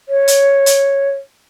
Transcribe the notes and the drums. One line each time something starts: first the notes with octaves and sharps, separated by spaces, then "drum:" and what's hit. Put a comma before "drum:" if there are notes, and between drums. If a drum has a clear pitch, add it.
C#5
drum: hi-hat
drum: hi-hat